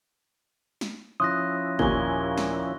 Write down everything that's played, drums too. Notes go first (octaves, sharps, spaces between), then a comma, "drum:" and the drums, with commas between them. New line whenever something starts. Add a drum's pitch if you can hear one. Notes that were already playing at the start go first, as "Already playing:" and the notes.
drum: snare
F3 C#4 E4 C6 D#6 F#6 A#6
D#2 A#2 G#5 C#6 G7, drum: kick
drum: snare